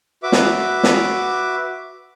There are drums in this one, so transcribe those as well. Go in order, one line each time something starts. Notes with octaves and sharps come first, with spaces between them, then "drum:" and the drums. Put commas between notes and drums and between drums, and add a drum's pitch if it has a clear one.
F#4 B4 E5 D6
drum: snare
drum: snare